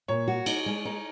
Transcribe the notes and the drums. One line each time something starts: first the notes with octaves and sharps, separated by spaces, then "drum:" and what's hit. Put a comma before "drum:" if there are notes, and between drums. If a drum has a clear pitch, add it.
A#2 C#5
F#4
D#4, drum: cymbal
G#3
D#4